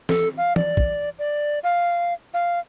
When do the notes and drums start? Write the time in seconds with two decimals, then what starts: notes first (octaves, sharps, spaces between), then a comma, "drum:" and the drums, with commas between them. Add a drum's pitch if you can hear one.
0.09 A4, drum: snare
0.38 F5
0.56 D5, drum: tom
0.77 drum: kick
1.19 D5
1.64 F5
2.34 F5